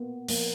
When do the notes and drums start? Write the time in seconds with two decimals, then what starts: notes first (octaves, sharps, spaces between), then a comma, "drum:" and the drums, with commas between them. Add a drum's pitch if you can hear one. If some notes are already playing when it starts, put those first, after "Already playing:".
Already playing: A#3 B3
0.28 F3 A#3, drum: open hi-hat